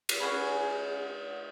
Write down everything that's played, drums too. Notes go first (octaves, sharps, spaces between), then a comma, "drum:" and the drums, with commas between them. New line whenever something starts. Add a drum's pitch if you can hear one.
drum: cymbal
C#4 F#4 G#4 B5